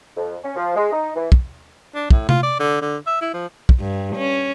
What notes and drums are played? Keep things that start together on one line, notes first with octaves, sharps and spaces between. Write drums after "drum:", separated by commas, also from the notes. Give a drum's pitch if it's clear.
F2
C#4
F3
G#3
D#4
E3
drum: kick
D4
A2, drum: kick
F4, drum: tom C3
D5
D3
D3
E5
E4
F3
drum: kick
G2
C#4